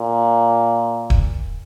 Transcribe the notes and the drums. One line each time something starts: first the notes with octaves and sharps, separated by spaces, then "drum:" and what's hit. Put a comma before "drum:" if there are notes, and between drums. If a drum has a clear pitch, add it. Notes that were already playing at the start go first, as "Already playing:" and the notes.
Already playing: A#2
drum: kick D#1